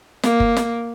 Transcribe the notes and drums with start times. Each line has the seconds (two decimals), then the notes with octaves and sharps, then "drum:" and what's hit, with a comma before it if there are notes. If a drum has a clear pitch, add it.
0.23 A#3, drum: snare
0.40 drum: kick
0.56 drum: snare